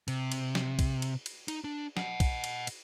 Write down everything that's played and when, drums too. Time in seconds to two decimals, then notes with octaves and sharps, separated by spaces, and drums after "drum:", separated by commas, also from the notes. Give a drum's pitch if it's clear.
0.08 C3, drum: cymbal
0.32 drum: cymbal
0.55 drum: snare
0.79 drum: kick, cymbal
1.02 drum: cymbal
1.26 drum: cymbal
1.48 D#4, drum: cymbal
1.64 D4
1.97 D#5 F#5, drum: snare
2.20 drum: kick, cymbal
2.44 drum: cymbal
2.67 drum: cymbal